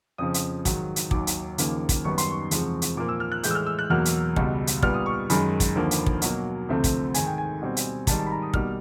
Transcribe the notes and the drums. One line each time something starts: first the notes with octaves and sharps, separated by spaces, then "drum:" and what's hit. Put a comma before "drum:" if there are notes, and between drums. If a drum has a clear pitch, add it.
F2 C#3 F3 D#6
drum: hi-hat
G#2 D#3 F#3, drum: kick, hi-hat
drum: hi-hat
D#2 D#3 F#3 D6, drum: kick
drum: hi-hat
D#2 C#3 F3 A#3, drum: hi-hat
drum: kick, hi-hat
F#2 D#3 G3 B3 C#6
C6, drum: hi-hat
C#6
E2 C3 F3 G#3 C4, drum: hi-hat
drum: hi-hat
A#2 F3 A#3 D6
E6
F6
F#6
A2 E3 G#3 G6, drum: hi-hat
E6
F6
E6
F#6
E2 B2 F#3 A#3 F6
drum: hi-hat
C#2 B2 G3, drum: kick
drum: hi-hat
A#2 G3 B3 F6, drum: kick
D#6
C#6
F#2 D#3 G#3 B5, drum: hi-hat
drum: kick, hi-hat
D#2 D3 F3 A#3
drum: hi-hat
drum: kick
B2 F#3 A#3, drum: hi-hat
D2 C3 F3 A3 C4
drum: kick, hi-hat
G#2 D#3 G#3 G#5, drum: hi-hat
G5
G#5
B2 G3 C4
drum: hi-hat
G#2 D#3 G3 A5, drum: kick, hi-hat
A5
B5
A#5
D#6
B2 G3 A#3 F6, drum: kick